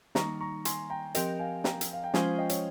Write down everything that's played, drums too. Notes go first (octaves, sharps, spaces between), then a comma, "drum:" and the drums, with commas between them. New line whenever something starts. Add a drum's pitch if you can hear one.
D#3 G3 A#3 D#4 A#5 C#6, drum: snare
A#5 C#6
G#5 C6, drum: hi-hat
G5 A#5
F3 C4 G4 A#4 D#5 G5, drum: hi-hat
F5 G#5
G5 A#5, drum: snare
drum: hi-hat
F5
G5
F3 G#3 C#4 F4 C5 F5 G#5, drum: snare
D#5 G5
C#5, drum: hi-hat